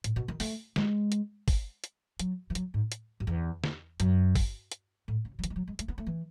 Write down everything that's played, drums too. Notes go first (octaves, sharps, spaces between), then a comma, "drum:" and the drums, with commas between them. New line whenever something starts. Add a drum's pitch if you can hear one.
A2, drum: hi-hat
B2
D#3
A3, drum: open hi-hat
G#3, drum: snare
drum: hi-hat
drum: kick, open hi-hat
drum: hi-hat
F#3, drum: hi-hat
E3
F#3, drum: hi-hat
G#2
drum: hi-hat
F#2
E2
drum: snare
F#2, drum: hi-hat
drum: kick, open hi-hat
drum: hi-hat
A2
C#3
F#3
E3, drum: hi-hat
G#3
F#3
G#3
A3, drum: hi-hat
B3
A3
E3